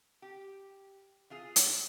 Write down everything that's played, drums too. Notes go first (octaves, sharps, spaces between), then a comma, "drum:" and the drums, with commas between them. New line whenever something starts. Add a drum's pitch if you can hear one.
G4
E3 F4 G#4
drum: hi-hat